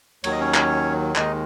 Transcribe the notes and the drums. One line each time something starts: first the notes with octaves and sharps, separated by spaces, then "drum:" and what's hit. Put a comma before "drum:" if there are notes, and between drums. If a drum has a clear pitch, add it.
D#2 D#3 F#3 C#5, drum: cymbal
D#5
C#4 C#5
drum: clap
D#2 D#3 G#3 D#4 D#5, drum: clap